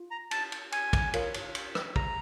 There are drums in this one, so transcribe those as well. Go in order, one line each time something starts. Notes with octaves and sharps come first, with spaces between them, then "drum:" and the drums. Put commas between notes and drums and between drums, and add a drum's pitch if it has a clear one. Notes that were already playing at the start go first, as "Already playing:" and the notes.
Already playing: F4
A#5
A5, drum: cymbal
drum: cymbal
G#5, drum: cymbal
drum: kick, cymbal
F4 A#4 C#5, drum: cymbal
drum: cymbal
drum: cymbal
drum: rim click
A#5, drum: kick